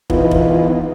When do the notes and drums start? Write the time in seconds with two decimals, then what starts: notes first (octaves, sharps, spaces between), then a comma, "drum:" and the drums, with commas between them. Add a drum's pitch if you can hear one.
0.10 E3 B3 D#4 F4, drum: kick
0.31 drum: kick